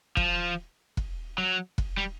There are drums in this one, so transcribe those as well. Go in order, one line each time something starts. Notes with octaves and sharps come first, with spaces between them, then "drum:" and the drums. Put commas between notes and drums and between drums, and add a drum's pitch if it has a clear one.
F3, drum: kick F1
drum: kick F1
F#3
drum: kick F1
G3